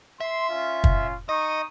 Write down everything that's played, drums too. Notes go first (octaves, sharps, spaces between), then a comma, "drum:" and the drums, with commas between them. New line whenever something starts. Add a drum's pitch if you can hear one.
E5 C6
C#4 F4
drum: kick
D#4 D#5 C#6 D#6